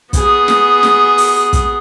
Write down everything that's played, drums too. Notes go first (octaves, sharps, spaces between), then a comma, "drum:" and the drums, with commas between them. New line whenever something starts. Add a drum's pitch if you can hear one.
B3 G#4, drum: kick, hi-hat
drum: snare
drum: snare
drum: open hi-hat
drum: kick, hi-hat